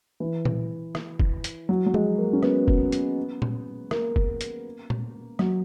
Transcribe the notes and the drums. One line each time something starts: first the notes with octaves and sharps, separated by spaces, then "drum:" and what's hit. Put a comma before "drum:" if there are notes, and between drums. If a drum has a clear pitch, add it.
E3
drum: tom A#2
drum: rim click
drum: kick
drum: hi-hat
F#3
F#3
G#3, drum: tom F3
A#3
C#4
B3, drum: rim click
drum: kick
drum: hi-hat
drum: tom A#2
A#3, drum: rim click
drum: kick
drum: hi-hat
drum: tom A#2
F#3, drum: rim click